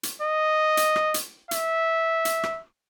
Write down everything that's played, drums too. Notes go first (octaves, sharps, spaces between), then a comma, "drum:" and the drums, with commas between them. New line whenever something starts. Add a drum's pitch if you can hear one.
drum: hi-hat
D#5
drum: hi-hat
drum: rim click
drum: hi-hat
E5, drum: hi-hat
drum: hi-hat
drum: rim click